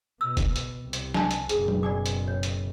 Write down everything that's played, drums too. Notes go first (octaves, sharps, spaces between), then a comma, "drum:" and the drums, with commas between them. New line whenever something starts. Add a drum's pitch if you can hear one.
B2 E6
drum: kick, hi-hat
drum: hi-hat
C2
drum: hi-hat
G#5 A5, drum: snare
drum: hi-hat
F#1 B2 G#4, drum: hi-hat
drum: tom F#3
D5 G#5 D6
drum: hi-hat
C#5
drum: hi-hat